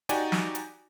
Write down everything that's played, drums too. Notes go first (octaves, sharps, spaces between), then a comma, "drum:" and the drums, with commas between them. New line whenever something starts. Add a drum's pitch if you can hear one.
D#4 F#4 G4 D5 G#5, drum: hi-hat
drum: snare
drum: hi-hat